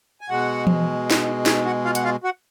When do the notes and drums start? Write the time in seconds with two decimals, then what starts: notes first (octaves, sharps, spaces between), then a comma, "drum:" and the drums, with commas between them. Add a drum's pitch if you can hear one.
0.21 G#5
0.29 B2 G#3 F#4 F#5
0.67 drum: tom E3
1.10 drum: snare
1.46 G#4 G#5, drum: snare
1.65 F#4 F#5
1.85 F4 F5
1.95 F#5, drum: hi-hat
2.04 F4 F5
2.24 F#4 F#5